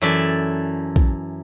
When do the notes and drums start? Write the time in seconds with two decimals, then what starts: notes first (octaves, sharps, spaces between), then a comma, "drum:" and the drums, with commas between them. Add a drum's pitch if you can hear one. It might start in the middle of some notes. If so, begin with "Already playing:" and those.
0.02 F#2 E3 A4 D5 E5
0.96 drum: kick A#1